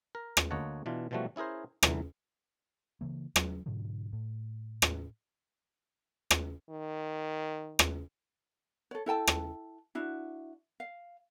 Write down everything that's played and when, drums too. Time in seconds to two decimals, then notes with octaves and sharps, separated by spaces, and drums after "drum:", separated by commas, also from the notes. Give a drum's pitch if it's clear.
0.15 A#4
0.37 drum: rim click
0.51 D2 A#3 C#5 D#5 F#5 A5
0.86 B2 E3 D4 F4
1.11 B2 E3 F3 G3 A3 F#4
1.36 C#4 E4 G#4 A#4 C5
1.83 C2 D3 E3, drum: rim click
3.01 C#3 E3 A#3
3.36 F#3, drum: rim click
3.66 G#2 B2 D3 F#3
4.13 A2
4.82 drum: rim click
6.31 drum: rim click
6.70 D#3
7.79 drum: rim click
8.91 A4 C#5
9.06 E4 A4 G5 A5
9.27 drum: rim click
9.95 D4 E4 F#4
10.80 F5